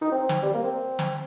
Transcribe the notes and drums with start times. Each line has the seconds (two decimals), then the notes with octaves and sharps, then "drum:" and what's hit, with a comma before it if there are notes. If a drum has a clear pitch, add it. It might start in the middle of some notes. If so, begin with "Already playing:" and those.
0.02 D#4
0.12 C4
0.29 drum: snare
0.43 G3
0.54 A#3
0.64 C4
0.99 drum: snare